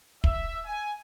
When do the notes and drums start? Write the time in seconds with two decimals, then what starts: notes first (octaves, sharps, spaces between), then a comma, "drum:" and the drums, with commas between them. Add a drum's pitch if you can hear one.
0.24 E5, drum: kick
0.65 G#5